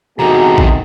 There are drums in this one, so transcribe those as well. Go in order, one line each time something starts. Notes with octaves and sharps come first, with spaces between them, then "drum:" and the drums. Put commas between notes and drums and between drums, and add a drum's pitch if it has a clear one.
E2 C3 D#3 A3 C4 F#4 G#4 A#5
drum: kick A1